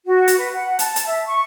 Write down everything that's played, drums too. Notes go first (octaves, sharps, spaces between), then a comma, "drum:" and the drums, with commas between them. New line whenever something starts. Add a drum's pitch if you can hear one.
F#4
drum: hi-hat
B4
F#5
A5, drum: hi-hat
drum: hi-hat
E5
C#6